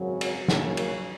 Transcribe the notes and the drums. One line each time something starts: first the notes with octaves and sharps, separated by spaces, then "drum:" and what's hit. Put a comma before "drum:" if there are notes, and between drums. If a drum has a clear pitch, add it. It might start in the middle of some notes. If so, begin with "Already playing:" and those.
Already playing: G#1 F#2 C#3 F#3
C#5, drum: cymbal
D#2 C#3 F#3 C#5, drum: snare
A#4, drum: cymbal